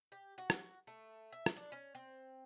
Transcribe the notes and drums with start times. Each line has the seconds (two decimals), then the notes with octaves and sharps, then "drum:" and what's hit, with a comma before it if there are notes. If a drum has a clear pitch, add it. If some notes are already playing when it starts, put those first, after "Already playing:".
0.12 G4
0.38 F#4
0.50 drum: rim click
0.87 A3
1.32 E5
1.46 drum: rim click
1.57 D4
1.72 C#4
1.95 C4